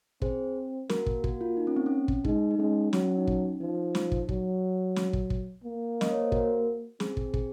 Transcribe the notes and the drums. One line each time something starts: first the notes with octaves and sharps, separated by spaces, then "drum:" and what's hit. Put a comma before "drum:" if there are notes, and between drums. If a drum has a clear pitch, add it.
C4 G#4 C5, drum: kick
A#3 F#4 A#4, drum: snare
drum: kick
F#4, drum: kick
F4
D#4
C#4
C4
C#4
drum: kick
G#3 D#4, drum: kick
D#4
G#3 C#4
F#3 C#4, drum: snare
D#4
C#4, drum: kick
F3 D#4
drum: snare
drum: kick
F#3, drum: kick
drum: snare
drum: kick
drum: kick
A#3
D#5, drum: snare
C#5
C5
F#4 A#4, drum: kick
C4 G#4, drum: snare
drum: kick
G#4, drum: kick